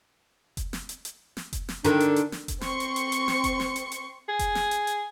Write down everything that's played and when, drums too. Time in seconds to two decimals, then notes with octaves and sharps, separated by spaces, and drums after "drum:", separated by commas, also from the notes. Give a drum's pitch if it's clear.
0.57 drum: kick F1, hi-hat
0.73 drum: snare
0.89 drum: hi-hat
1.05 drum: hi-hat
1.37 drum: snare
1.53 drum: kick F1, hi-hat
1.69 drum: snare
1.84 D3 D#3 D4, drum: hi-hat
2.00 drum: hi-hat
2.16 drum: hi-hat
2.32 drum: snare
2.48 drum: kick F1, hi-hat
2.61 C4 C6 C#6 C#7, drum: snare
2.80 drum: hi-hat
2.96 drum: hi-hat
3.12 drum: hi-hat
3.28 drum: snare
3.44 drum: kick F1, hi-hat
3.60 drum: snare
3.76 drum: hi-hat
3.92 drum: hi-hat
4.29 G#4
4.39 drum: kick F1, hi-hat
4.55 drum: snare
4.71 drum: hi-hat
4.87 drum: hi-hat